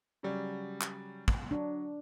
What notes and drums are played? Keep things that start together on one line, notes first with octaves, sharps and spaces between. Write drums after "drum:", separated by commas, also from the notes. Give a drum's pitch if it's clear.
C#3 F#3 G3
drum: clap
drum: kick
F#3 D4